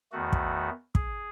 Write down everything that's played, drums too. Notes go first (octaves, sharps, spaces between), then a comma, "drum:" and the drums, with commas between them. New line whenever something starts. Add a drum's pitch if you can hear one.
E2 D#3 A3 F#4
drum: kick
G#4, drum: kick